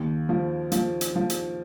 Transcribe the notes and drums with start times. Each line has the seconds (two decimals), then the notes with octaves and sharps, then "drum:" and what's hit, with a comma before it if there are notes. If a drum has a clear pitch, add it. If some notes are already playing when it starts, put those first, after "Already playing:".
Already playing: D#2
0.29 F3
0.72 F3, drum: hi-hat
1.01 drum: hi-hat
1.16 F3
1.30 drum: hi-hat